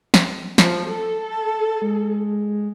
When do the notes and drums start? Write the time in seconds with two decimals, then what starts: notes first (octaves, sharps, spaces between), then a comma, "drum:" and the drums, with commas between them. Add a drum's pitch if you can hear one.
0.14 drum: snare
0.58 F3, drum: snare
0.88 A4
1.30 A5
1.82 G#3